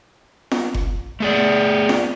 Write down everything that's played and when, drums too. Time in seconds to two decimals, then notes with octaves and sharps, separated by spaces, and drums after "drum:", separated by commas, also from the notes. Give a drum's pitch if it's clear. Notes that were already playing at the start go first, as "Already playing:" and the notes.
0.51 drum: snare
0.74 drum: kick F#1
1.20 A3 G#4 D5
1.89 drum: snare